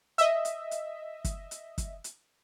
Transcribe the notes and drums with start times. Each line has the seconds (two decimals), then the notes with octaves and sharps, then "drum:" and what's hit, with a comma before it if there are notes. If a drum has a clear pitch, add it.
0.18 D#5 E5, drum: hi-hat
0.45 drum: hi-hat
0.71 drum: hi-hat
1.25 drum: kick, hi-hat
1.51 drum: hi-hat
1.78 drum: kick, hi-hat
2.04 drum: hi-hat